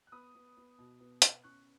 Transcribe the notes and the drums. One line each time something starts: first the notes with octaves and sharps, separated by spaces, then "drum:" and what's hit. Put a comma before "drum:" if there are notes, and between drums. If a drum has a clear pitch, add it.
F#6
B3 B5 D#6
B3
B3
B2
B3
B3, drum: hi-hat
C#4 C#6 F#6